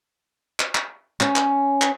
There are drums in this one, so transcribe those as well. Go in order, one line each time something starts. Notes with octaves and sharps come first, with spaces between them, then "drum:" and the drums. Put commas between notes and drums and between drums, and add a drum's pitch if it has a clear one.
drum: clap
drum: clap
C#4, drum: clap
drum: clap
drum: clap